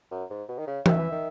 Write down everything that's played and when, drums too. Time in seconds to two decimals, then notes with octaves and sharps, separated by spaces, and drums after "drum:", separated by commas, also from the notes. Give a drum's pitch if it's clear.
0.11 F#2
0.30 G#2
0.49 B2
0.58 D#3
0.67 C#3
0.86 D#3 E5, drum: tom E3
0.98 E3
1.12 D#3